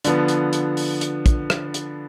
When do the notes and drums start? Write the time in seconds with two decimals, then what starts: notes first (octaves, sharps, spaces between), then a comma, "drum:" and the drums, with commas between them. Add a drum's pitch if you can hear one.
0.04 D3 F3 B3, drum: hi-hat
0.28 drum: hi-hat
0.53 drum: hi-hat
0.77 drum: open hi-hat
1.01 drum: hi-hat
1.26 drum: kick, hi-hat
1.50 drum: rim click
1.74 drum: hi-hat